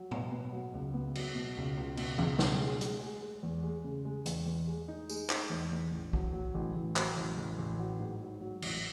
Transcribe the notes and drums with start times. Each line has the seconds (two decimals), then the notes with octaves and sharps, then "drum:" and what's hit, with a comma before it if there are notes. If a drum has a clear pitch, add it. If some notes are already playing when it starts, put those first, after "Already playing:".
Already playing: F#3
0.11 B2, drum: tom A2
0.32 B3
0.52 F#3
0.74 C#2
0.94 B3
1.15 F#3, drum: cymbal
1.35 B2
1.57 C#2
1.77 C#2
1.97 B2, drum: cymbal
2.18 C#2, drum: tom E3
2.39 B2, drum: snare
2.61 G#3
2.81 G#3, drum: hi-hat
3.02 G#3
3.22 G#3
3.43 E2
3.63 G#3
3.84 C#3
4.05 G#3
4.26 E2, drum: hi-hat
4.46 E2
4.67 G#3
4.88 D#4
5.09 G#3, drum: tambourine
5.30 D#4, drum: clap
5.50 E2
5.72 E2
5.92 A1
6.13 F#3, drum: kick
6.33 F#3
6.54 A1
6.76 A1
6.96 F#3, drum: clap
7.17 A1
7.38 A1
7.59 A1
7.79 F#3
8.00 G#2
8.20 F#3
8.41 F#3
8.62 A1, drum: cymbal